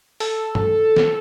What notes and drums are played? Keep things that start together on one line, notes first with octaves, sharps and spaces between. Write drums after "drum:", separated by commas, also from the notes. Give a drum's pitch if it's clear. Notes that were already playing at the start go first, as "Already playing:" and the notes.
A4, drum: open hi-hat
drum: tom G2
drum: snare